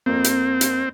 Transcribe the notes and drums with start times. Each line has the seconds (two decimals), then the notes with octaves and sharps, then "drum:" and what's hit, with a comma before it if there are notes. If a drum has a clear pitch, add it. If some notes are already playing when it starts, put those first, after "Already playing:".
0.06 F2 A#3 C4
0.24 drum: hi-hat
0.61 drum: hi-hat